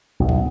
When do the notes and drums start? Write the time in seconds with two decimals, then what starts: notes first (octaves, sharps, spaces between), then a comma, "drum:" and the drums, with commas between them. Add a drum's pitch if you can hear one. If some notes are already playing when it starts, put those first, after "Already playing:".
0.20 B1
0.29 drum: kick